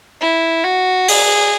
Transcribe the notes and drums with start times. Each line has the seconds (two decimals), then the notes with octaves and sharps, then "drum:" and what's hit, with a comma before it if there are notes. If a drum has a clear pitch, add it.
0.21 E4
0.64 F#4
1.08 G#4, drum: open hi-hat